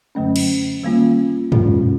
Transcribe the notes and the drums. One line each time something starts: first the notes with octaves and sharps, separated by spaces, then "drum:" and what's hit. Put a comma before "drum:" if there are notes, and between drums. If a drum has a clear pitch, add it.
F#2 D3 F#3 A3 C#4
drum: cymbal
D#3 G3 A#3 C#4 F4
E2 B2 G#3 C#4 F4, drum: tom